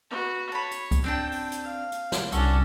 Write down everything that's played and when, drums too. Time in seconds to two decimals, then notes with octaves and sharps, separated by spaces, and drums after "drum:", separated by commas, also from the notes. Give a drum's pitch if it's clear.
0.10 F#4 B4
0.52 C#5 A5 B5
0.71 drum: hi-hat
0.91 drum: kick C#2, hi-hat
1.04 C4 D4 G5 A5
1.32 drum: open hi-hat
1.52 drum: hi-hat
1.64 F5
1.92 drum: hi-hat
2.12 drum: snare
2.32 C2 C#4 D4 F#4 A4, drum: hi-hat